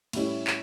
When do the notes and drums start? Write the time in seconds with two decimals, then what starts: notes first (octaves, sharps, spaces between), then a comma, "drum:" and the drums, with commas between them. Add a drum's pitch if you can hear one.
0.13 A2 G3 C#4 E4, drum: cymbal
0.47 drum: clap